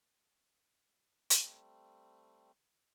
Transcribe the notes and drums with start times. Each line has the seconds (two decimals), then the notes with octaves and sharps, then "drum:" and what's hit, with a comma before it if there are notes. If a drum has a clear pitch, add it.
1.30 G3 A3 C4, drum: hi-hat